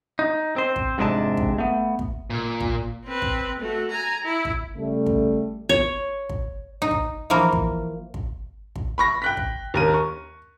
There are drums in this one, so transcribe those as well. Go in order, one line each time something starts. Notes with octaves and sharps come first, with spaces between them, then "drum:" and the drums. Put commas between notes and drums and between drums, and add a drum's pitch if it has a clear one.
D#4
C4 C5
drum: kick
F2 G#2 C3 G#3 D4 A5
drum: kick
A3 B3
drum: kick
A#2
drum: kick
C4 B4
drum: kick
A3 F#4
G#5 A#5
E4
drum: kick
C#3 G3 A3
drum: kick
C#5, drum: kick
drum: kick
D#4
drum: kick
E3 F3 A#3 A#4
drum: kick
drum: kick
drum: kick
B5 C#6 A#6
G5 F#6 B6
drum: kick
D#2 A#4 D#7
C#6